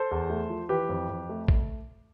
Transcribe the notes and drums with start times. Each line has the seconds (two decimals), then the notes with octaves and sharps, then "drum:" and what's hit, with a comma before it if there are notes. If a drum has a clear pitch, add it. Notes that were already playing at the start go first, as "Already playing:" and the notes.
Already playing: A4 C5
0.11 E2
0.30 A3
0.50 F3
0.69 E3 G4 B4
0.89 F2
1.09 F2
1.29 A3
1.48 drum: kick